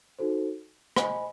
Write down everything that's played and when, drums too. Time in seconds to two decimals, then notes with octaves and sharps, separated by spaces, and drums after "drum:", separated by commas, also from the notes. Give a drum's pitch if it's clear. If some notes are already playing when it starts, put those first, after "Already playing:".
0.19 D#4 F#4 A4 C5
0.96 C5 D#5 G#5 B5, drum: rim click